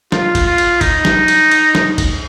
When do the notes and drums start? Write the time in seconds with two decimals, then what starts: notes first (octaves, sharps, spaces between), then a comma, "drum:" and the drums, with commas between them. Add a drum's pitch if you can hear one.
0.12 F4, drum: snare
0.35 drum: kick, cymbal
0.47 F4
0.58 drum: cymbal
0.81 D#4, drum: kick, cymbal
1.05 drum: snare
1.28 drum: cymbal
1.51 drum: cymbal
1.75 drum: snare
1.98 drum: kick, cymbal